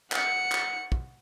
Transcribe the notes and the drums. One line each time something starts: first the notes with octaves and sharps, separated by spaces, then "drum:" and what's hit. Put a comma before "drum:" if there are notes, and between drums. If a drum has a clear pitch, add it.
F#5 C#7, drum: clap
drum: clap
drum: kick